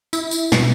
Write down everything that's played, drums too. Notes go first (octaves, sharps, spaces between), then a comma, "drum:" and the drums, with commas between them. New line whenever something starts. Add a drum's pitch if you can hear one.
E4, drum: tambourine
drum: tambourine
B2, drum: snare